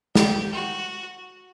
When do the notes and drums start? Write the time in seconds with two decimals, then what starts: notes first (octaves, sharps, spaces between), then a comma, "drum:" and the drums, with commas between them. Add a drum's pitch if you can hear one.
0.15 G4, drum: snare
0.53 F#4